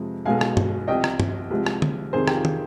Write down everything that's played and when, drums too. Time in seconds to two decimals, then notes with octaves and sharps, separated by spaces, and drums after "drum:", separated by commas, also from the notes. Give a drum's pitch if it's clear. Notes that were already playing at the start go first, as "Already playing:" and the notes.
Already playing: F2 C3 F3 G#3
0.25 B1 B2 G#3 F5 G#5
0.41 drum: rim click
0.57 drum: tom G2
0.88 C2 C3 F3 D#5 G5
1.04 drum: rim click
1.20 drum: tom G2
1.50 C2 C3 F3 G#3
1.66 drum: rim click
1.82 drum: tom
2.13 F2 C3 D#3 G#4 C5
2.27 G4, drum: rim click
2.34 F4 G#4
2.45 drum: tom